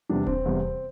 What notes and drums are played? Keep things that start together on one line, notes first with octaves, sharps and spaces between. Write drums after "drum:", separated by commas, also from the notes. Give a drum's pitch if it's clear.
E2 C3 G3 D4
C4, drum: kick D#1
E2 C3 G3